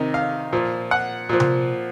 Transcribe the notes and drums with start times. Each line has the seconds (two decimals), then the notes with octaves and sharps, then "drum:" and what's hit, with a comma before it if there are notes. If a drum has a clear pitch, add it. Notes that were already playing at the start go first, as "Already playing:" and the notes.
Already playing: C3 D#3 D#5
0.14 F5
0.53 A#2 F3
0.91 F#5
1.29 A#2 F3
1.40 drum: tom C3